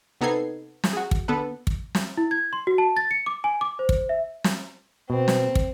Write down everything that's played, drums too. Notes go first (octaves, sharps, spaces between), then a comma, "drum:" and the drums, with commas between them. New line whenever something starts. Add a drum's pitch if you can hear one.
C3 B3 D#4 A4 G#6 C7
drum: snare
F#4 G#4
drum: kick
D3 B3 A4 B4
drum: kick
drum: snare
E4
G#6
C6
F#4
A5
A6
C#7
D6
G#5
D6
C5
drum: kick
E5
drum: snare
B2 C4
drum: snare
drum: kick